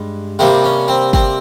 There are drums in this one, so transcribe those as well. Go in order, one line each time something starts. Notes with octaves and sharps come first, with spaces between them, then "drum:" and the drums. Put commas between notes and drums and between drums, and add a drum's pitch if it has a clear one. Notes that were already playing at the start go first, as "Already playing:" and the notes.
Already playing: G2 G#3
C3 G3 A#3 C4
C#4
C4
C4, drum: kick